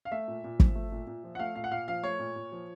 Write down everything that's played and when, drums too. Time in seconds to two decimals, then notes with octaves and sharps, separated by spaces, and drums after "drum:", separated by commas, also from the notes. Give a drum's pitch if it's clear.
0.05 F5
0.12 A3 E5
0.28 A#2
0.44 A#2
0.60 F3, drum: kick
0.75 A3
0.92 A#2
1.07 A#2
1.24 F3
1.35 F#5
1.39 A3 F5
1.55 A#2 F5
1.64 F#5
1.71 A#2 F5
1.88 F3 F5
2.03 A3 C#5
2.19 A#2
2.36 A#2
2.52 F3